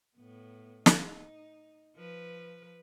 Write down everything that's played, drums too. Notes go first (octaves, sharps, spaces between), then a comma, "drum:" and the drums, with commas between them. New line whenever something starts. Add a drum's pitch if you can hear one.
A2 B3
D#4, drum: snare
F3 B4